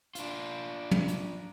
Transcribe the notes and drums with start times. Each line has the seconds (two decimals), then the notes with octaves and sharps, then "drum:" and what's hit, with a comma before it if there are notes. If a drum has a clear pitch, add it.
0.15 D4 F4, drum: hi-hat
0.91 drum: tom
1.08 drum: hi-hat